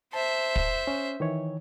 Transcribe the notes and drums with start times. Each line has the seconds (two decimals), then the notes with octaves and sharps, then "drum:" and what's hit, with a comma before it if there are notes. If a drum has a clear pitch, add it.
0.13 C5 E5 A5
0.56 drum: kick
0.87 C#4
1.20 D#3 E3 C#5